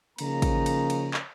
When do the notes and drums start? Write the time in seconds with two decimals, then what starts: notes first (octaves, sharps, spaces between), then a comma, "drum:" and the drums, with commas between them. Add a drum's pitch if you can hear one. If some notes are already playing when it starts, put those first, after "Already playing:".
0.18 C#3 F3 A#3 C#4 D#4 A#5, drum: cymbal
0.42 drum: kick, cymbal
0.66 drum: cymbal
0.90 drum: cymbal
1.14 drum: clap